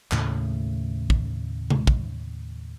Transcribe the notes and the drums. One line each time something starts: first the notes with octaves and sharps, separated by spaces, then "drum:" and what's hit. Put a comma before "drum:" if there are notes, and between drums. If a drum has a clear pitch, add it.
D#2 A2 C#3 A3, drum: clap
drum: kick
drum: tom C3
drum: kick